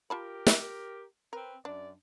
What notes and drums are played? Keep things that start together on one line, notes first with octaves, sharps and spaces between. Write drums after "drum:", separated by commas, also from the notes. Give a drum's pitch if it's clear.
F4 G4 A#4 A5 B5
drum: snare
C4 A#4 B4
F#2 D4 D5